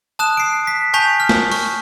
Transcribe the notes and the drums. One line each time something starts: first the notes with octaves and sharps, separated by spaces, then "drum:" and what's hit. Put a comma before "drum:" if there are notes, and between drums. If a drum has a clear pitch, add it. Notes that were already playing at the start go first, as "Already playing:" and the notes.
A5 D#6 F#6 E7
C7 D7
B6
G#5 A5 C#6 G6 B6 F7
F6
drum: snare
C#6, drum: open hi-hat